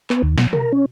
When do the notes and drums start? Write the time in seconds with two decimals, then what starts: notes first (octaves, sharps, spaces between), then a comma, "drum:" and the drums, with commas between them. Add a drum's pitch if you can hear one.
0.10 B3, drum: clap
0.23 D#2
0.38 B2, drum: snare
0.53 A#4, drum: tom B2
0.72 C#4